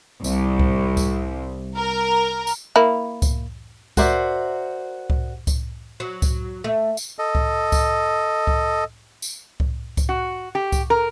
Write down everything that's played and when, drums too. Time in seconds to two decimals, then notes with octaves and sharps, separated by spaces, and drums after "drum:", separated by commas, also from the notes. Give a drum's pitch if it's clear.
0.24 C2, drum: tambourine
0.59 drum: kick C2
0.97 drum: kick C2, tambourine
1.77 A#4
2.47 drum: tambourine
2.76 A#3 E4
3.22 drum: kick C2, tambourine
3.97 F#4 A#4 C5 D5 E5, drum: kick C2, tambourine
5.10 drum: kick C2
5.47 drum: kick C2, tambourine
6.00 F#3
6.22 drum: kick C2, tambourine
6.64 A3
6.97 drum: tambourine
7.19 A4 D#5
7.35 drum: kick C2
7.72 drum: kick C2, tambourine
8.47 drum: kick C2
9.22 drum: tambourine
9.60 drum: kick C2
9.97 drum: kick C2, tambourine
10.09 F#4
10.55 G4
10.72 drum: kick C2, tambourine
10.90 A#4